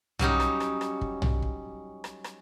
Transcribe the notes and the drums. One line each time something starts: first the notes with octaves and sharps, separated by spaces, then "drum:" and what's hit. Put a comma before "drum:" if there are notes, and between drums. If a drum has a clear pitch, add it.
F#3 G3 C#4 D#4, drum: tom
drum: rim click
drum: rim click
drum: rim click
drum: kick
drum: tom
drum: kick
drum: rim click
drum: rim click